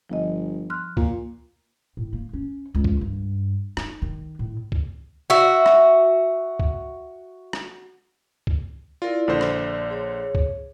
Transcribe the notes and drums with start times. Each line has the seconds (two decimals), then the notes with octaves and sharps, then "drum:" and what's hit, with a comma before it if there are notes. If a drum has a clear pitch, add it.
0.10 G1 F3 D#5
0.70 C6 F6 F#6
0.97 A#2, drum: kick C#2
1.97 A2
2.13 A#3
2.33 C#4
2.75 C#2
2.84 drum: kick C#2
3.01 G2
3.77 D#4, drum: rim click
4.02 D#3
4.39 A2
4.72 drum: kick C#2
5.30 F#4 E5
5.66 drum: rim click
6.60 drum: kick C#2
7.53 drum: rim click
8.47 drum: kick C#2
9.02 E4 F4 A#4 D5
9.28 A#1 D3 C5 D5
9.41 drum: rim click
9.91 G#4 C#5
10.35 drum: kick C#2